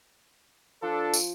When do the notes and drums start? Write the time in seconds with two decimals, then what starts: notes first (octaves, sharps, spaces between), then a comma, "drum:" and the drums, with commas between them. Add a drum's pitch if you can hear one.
0.82 F3 D4 A4
1.14 drum: tambourine